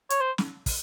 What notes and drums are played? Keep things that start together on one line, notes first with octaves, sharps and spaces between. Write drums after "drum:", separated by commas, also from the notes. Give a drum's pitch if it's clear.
C#5, drum: hi-hat
C5
drum: snare
drum: kick, open hi-hat